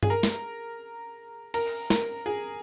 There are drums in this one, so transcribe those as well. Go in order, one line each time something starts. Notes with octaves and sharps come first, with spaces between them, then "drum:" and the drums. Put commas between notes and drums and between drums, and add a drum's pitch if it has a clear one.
G#4, drum: tom G2
A#4
drum: snare
A#4, drum: cymbal
A#4, drum: snare
G#4